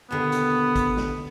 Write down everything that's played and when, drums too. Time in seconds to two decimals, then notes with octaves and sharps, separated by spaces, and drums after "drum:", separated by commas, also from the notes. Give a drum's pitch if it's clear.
0.11 D#2 B2 D3 B3
0.32 drum: hi-hat
0.76 drum: kick G#1, hi-hat
0.97 drum: snare